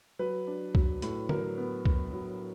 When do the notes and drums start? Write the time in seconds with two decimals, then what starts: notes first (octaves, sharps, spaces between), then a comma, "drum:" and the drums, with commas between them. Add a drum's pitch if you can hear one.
0.19 F#3 B4
0.47 D4
0.75 F#3, drum: kick B1
1.02 A2, drum: hi-hat
1.29 F#3 A#4, drum: tom
1.57 B3
1.85 F#3, drum: kick B1
2.13 F#3